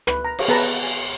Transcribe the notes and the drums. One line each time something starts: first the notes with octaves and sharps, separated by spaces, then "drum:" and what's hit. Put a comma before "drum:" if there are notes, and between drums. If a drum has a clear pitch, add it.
B4, drum: rim click
A#5
drum: cymbal
B3 G#4 B4 A5 A#5
G#5